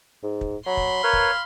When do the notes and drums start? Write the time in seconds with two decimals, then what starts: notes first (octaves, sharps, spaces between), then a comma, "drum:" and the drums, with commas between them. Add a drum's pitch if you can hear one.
0.23 G#2
0.41 drum: kick
0.66 F#3 B5 C6
0.77 drum: kick
1.03 A#4 B4 C#5 F5
1.13 drum: kick